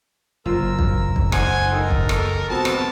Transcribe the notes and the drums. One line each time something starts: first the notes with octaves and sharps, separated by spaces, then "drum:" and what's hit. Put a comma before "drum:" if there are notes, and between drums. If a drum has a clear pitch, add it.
F#1 F4 A#4 C5 E6
drum: kick
drum: kick
D#4 C5 F#5 G#5 C6 F#6, drum: rim click
D#4 A4 A#4 G5
drum: kick
drum: rim click
B3 C4 F#4 A5
drum: rim click